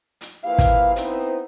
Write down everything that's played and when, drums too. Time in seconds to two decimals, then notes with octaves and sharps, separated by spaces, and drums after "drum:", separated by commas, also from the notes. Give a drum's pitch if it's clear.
0.21 drum: hi-hat
0.45 F3 A#3 E4 G4 B4 F5
0.58 drum: kick, hi-hat
0.96 B3 C4 D#4 E4 B4 C5, drum: hi-hat